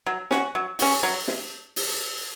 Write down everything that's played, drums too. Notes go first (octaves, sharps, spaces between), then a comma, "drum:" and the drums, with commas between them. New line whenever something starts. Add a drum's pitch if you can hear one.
F#3
C#4 F#4, drum: snare
F#3
C#4 F#4, drum: open hi-hat
F#3
drum: snare
drum: open hi-hat